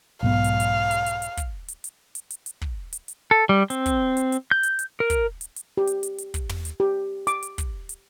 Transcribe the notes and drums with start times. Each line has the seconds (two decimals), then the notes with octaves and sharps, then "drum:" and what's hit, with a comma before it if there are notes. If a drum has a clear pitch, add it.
0.23 B1 G#2 B3 F5
0.44 drum: hi-hat
0.60 drum: hi-hat
0.91 drum: hi-hat
1.06 drum: hi-hat
1.22 drum: hi-hat
1.37 drum: kick, hi-hat
1.68 drum: hi-hat
1.84 drum: hi-hat
2.15 drum: hi-hat
2.30 drum: hi-hat
2.46 drum: hi-hat
2.61 drum: kick
2.93 drum: hi-hat
3.08 drum: hi-hat
3.31 A4
3.49 G3
3.70 C4, drum: hi-hat
3.86 drum: kick, hi-hat
4.17 drum: hi-hat
4.32 drum: hi-hat
4.51 G6
4.63 drum: hi-hat
4.79 drum: hi-hat
5.00 A#4
5.10 drum: kick, hi-hat
5.41 drum: hi-hat
5.56 drum: hi-hat
5.77 G4
5.87 drum: hi-hat
6.03 drum: hi-hat
6.18 drum: hi-hat
6.34 drum: kick, hi-hat
6.49 drum: tom
6.65 drum: hi-hat
6.80 G4
7.27 D6, drum: hi-hat
7.43 drum: hi-hat
7.58 drum: kick, hi-hat
7.89 drum: hi-hat